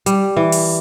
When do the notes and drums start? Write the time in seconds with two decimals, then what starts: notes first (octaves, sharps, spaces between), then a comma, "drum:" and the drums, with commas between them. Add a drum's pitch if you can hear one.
0.06 G3, drum: hi-hat
0.37 E3
0.52 drum: open hi-hat